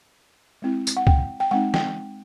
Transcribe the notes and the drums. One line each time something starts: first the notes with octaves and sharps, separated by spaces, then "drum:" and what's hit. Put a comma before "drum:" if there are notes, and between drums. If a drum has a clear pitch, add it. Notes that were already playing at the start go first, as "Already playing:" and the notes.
G#3 C4 E4
drum: tambourine
F#5
G5, drum: kick C#2
G5
G#3 C4 D#4 F#5
G5, drum: snare